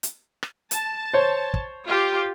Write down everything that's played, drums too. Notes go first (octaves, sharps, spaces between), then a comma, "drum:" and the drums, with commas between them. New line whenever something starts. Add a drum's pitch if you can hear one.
drum: hi-hat
drum: rim click
A5, drum: hi-hat
C5 C#5
drum: kick
F4 G4